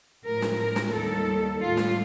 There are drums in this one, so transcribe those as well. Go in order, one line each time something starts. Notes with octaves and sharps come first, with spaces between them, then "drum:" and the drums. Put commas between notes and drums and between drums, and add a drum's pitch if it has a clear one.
A2 F3 A#4
drum: snare
A#4
drum: snare
D#2 D#3 G3 A4
A2 G3 F4
drum: snare